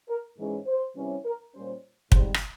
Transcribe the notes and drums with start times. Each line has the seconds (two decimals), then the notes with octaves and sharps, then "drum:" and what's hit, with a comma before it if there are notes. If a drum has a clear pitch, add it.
0.09 A#4
0.38 G#2 E3 G#3 C#4
0.67 C5
0.96 C3 E3 G3 C#4
1.25 A#4
1.53 A#2 G3 C#4 C5
2.12 G#2 G3 C4 C5, drum: kick
2.34 drum: rim click